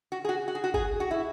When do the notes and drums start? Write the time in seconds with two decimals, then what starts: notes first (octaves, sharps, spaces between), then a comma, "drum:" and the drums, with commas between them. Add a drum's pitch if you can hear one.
0.12 F#4
0.25 G#4
0.29 F#4
0.48 F#4
0.55 G#4
0.64 F#4
0.74 G#4, drum: kick G1
1.00 F#4
1.11 E4